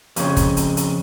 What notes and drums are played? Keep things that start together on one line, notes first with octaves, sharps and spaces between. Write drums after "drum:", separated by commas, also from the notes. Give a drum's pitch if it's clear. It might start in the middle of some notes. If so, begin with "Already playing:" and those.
F2 C#3, drum: hi-hat
drum: kick, hi-hat
drum: hi-hat
drum: hi-hat